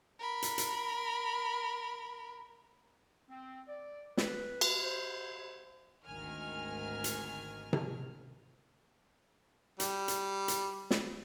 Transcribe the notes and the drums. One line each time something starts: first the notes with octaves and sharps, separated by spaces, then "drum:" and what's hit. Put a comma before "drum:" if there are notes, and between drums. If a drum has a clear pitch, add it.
A#4 B5
drum: hi-hat
drum: hi-hat
C4
D5
B4, drum: snare
drum: cymbal
C5
G#1 D2 D#3 A#4 G#5 F6
drum: hi-hat
drum: tom C3
G3, drum: hi-hat
drum: hi-hat
drum: hi-hat
drum: snare